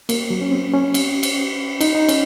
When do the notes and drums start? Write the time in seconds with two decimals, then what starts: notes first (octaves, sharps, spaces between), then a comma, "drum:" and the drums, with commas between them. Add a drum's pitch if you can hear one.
0.09 A#3, drum: cymbal
0.30 F#3
0.41 C#4
0.51 C4
0.73 C#4
0.94 drum: cymbal
1.23 drum: cymbal
1.81 D#4, drum: cymbal
1.95 D#4
2.09 C#4, drum: cymbal